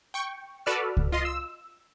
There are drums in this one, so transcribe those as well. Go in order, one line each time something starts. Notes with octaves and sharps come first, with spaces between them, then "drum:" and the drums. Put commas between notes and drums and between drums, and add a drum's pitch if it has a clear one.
G5 C#6
F#4 A4 B4 D5 E6 F6
drum: kick C#2
F4 D#5 C6
E6